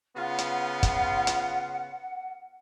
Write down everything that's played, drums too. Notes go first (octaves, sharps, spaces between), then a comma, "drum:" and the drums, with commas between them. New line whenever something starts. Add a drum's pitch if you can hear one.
C#3 B3 F4 F#5
drum: hi-hat
drum: kick, hi-hat
drum: hi-hat